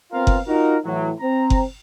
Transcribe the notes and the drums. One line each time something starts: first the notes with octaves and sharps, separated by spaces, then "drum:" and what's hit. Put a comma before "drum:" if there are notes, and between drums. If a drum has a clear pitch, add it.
B3 C4 F4 A#4 F5
drum: kick F#1
D#4 F4 F#4 A#4
A2 E3 F#3
C4 A#5
drum: kick F#1